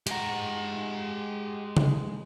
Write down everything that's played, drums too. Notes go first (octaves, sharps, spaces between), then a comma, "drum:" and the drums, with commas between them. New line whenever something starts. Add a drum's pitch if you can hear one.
G#3 G4 F#5 A#5, drum: hi-hat
drum: tom C#3